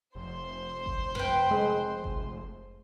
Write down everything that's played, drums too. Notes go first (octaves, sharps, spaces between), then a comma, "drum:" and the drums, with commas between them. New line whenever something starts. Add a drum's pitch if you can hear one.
F1 C5 C6
drum: kick G1
B4 G5, drum: tom F2
G#3
drum: kick G1